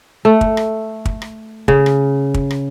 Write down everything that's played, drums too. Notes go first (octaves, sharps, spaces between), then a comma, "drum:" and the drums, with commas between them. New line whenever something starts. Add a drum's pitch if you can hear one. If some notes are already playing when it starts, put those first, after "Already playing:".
A3
drum: kick
drum: rim click
drum: kick
drum: rim click
C#3, drum: kick
drum: rim click
drum: kick
drum: rim click